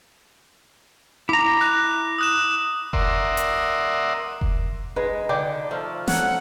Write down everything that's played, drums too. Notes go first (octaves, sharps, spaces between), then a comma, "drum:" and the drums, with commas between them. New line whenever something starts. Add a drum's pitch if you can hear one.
E4 A#5 D6
F#6
D#6 F#6 E7
A#4 D5 E5 F#5 C6 D#6, drum: kick F1
drum: hi-hat
drum: kick F1
G#3 D#4 B4
D3 G5 B5 D6
F3 A3 F5
C#4 A4 F#5 A#5, drum: snare